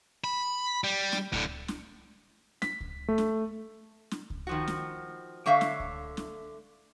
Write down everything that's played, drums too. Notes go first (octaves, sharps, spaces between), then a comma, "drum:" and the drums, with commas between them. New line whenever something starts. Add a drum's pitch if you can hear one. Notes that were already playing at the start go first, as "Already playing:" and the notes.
B5
G3
drum: snare
A2 D3, drum: kick C#2
drum: snare
B6, drum: snare
drum: kick C#2
A3
drum: snare
drum: snare
drum: kick C#2
D#3 F3 F#4
drum: snare
D3 A3 C#5 E5 F5
drum: snare
drum: kick C#2
drum: snare